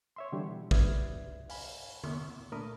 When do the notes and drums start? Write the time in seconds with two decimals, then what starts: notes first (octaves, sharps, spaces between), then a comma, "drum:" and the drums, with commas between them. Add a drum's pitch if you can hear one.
0.16 C#5 E5 C6
0.32 B2 D3 E3 G3 D4 G4
0.71 B4 D5 E5 D#6 F6 G#6, drum: kick
1.49 F5 G#5 B5, drum: open hi-hat
2.04 drum: tom D3
2.52 A#2 A3 D4 A#4 B5 D#6